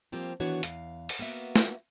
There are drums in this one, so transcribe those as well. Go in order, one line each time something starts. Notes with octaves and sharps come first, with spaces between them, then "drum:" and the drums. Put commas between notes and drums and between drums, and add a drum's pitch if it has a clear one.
F3 G3 A#3 C4 F4 G4
D#3 E3 B3 D4 F#4 C#5
E2 F5, drum: hi-hat
drum: open hi-hat
A#3 B3 F#4 E5
drum: snare